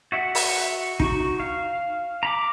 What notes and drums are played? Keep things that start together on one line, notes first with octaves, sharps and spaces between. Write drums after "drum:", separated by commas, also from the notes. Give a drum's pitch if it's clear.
F#4 E5 F#5
drum: open hi-hat
D#4 F#4 C#6, drum: kick
F5
A#5 B5 D6